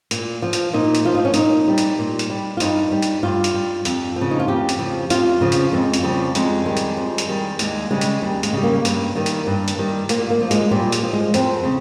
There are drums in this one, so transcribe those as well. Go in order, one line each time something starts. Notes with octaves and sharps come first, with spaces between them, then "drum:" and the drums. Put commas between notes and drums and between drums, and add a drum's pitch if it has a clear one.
A#2, drum: hi-hat
F3
drum: hi-hat
A#2 D#4
drum: hi-hat
F3 F4
D#4
C#4
A#2 D#4, drum: hi-hat
G3
drum: hi-hat
A#2
drum: hi-hat
G3
F4
G2 D#4, drum: hi-hat
G3
drum: hi-hat
G2 F4
drum: hi-hat
G3
F2, drum: hi-hat
C#3 F3
D#4
F4
F2 G4
drum: hi-hat
C#3 F3
F2 F4, drum: hi-hat
C#3 F3
drum: hi-hat
F2 G#3
drum: hi-hat
C#3 F3 G3
F2 G#3, drum: hi-hat
D#3 G3
drum: hi-hat
F2
drum: hi-hat
D#3 G3
D#2 G#3, drum: hi-hat
C#3 G3 G#3
drum: hi-hat
D#2 G3
G#3, drum: hi-hat
C#3 G3
A#3
G2, drum: hi-hat
D#3 G3
drum: hi-hat
G2
drum: hi-hat
D#3 G3
A#2 A#3, drum: hi-hat
A#3
F3
G#3, drum: hi-hat
A#2 G3
drum: hi-hat
F3
G#3
F2 C4, drum: hi-hat
C#3